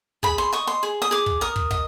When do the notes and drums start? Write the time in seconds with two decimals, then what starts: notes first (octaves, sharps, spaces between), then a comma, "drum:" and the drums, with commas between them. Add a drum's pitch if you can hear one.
0.23 G#4 B5, drum: kick
0.38 C6
0.53 D#5 C#6
0.67 C6
0.83 G#4
1.02 D#6
1.11 G#4 D6
1.26 drum: kick
1.41 A#4 D#6
1.56 drum: kick
1.71 D#5, drum: kick